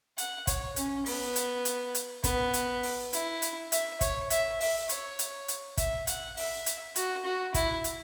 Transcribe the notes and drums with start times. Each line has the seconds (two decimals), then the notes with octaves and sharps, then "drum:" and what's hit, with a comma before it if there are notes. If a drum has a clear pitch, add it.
0.18 F#5, drum: hi-hat
0.47 C#5, drum: kick, hi-hat
0.76 C#4, drum: hi-hat
1.06 B3, drum: open hi-hat
1.36 drum: hi-hat
1.65 drum: hi-hat
1.95 drum: hi-hat
2.24 B3, drum: kick, hi-hat
2.54 drum: hi-hat
2.83 drum: open hi-hat
3.13 E4, drum: hi-hat
3.42 drum: hi-hat
3.72 E5, drum: hi-hat
4.01 C#5, drum: kick, hi-hat
4.30 E5, drum: hi-hat
4.60 E5, drum: open hi-hat
4.89 C#5, drum: hi-hat
5.19 drum: hi-hat
5.48 drum: hi-hat
5.77 E5, drum: kick, hi-hat
6.07 F#5, drum: hi-hat
6.37 E5, drum: open hi-hat
6.66 drum: hi-hat
6.96 F#4, drum: hi-hat
7.25 F#4
7.54 E4, drum: kick, hi-hat
7.84 drum: hi-hat